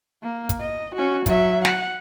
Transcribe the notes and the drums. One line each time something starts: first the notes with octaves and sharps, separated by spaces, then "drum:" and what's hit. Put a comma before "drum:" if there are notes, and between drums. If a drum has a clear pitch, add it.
A#3
drum: kick, hi-hat
D#5
C#4 F#4
F#3 E5, drum: kick, hi-hat
F#5, drum: snare